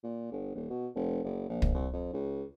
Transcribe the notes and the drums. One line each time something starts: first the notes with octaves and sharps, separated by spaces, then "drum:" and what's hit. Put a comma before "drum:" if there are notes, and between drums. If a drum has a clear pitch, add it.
A#2
G1
D#1
B2
F1
F#1
A#1
drum: kick
C2
F2
C#2